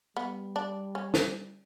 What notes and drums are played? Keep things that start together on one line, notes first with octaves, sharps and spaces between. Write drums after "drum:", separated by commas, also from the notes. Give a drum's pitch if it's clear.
G3 B3
D4
C#4
drum: snare